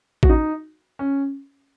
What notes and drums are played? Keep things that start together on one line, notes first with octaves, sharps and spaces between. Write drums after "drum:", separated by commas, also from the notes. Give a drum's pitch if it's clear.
F#4, drum: kick A1
D#4
C#4